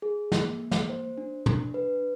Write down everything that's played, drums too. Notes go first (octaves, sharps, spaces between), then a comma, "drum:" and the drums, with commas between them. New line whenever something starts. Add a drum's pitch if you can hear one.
G#4
A#3, drum: snare
A#3
drum: snare
C5
D4
D4, drum: tom
B4